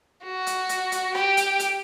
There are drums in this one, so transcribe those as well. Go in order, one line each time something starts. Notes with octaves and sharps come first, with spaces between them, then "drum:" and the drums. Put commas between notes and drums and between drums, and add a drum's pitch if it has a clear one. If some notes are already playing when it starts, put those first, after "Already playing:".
F#4
drum: hi-hat
drum: hi-hat
drum: hi-hat
G4, drum: rim click
drum: hi-hat
drum: hi-hat